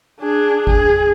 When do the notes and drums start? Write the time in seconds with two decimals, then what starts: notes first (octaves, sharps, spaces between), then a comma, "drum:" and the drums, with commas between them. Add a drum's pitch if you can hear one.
0.20 D4 G#4
0.67 G#4, drum: kick G#1